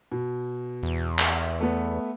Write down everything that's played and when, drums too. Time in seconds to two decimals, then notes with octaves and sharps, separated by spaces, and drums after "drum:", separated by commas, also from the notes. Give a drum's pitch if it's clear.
0.12 B2
0.83 E2
1.19 drum: clap
1.60 A3 B3